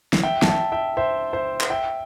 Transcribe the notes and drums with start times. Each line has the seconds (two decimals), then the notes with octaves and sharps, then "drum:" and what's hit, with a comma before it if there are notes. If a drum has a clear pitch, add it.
0.13 drum: snare
0.23 E5 G5
0.42 A5, drum: snare
0.48 E5 G5
0.72 E5 G5
0.97 C5 E5
1.33 C5 E5
1.61 drum: clap
1.70 E5 G5